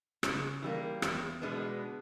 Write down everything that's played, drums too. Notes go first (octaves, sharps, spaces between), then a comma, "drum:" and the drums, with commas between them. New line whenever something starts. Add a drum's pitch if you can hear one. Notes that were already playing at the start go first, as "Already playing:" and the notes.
C#3, drum: rim click
E3 G3 A#3
E2, drum: rim click
B2 G#3 B3 D4